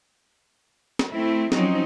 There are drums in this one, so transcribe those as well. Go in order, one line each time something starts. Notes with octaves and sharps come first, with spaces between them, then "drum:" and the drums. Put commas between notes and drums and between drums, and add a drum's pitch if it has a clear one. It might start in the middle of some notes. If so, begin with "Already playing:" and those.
drum: snare
A3 C4 E4
F3 F#3 C4 C#4 D#4 F#4, drum: snare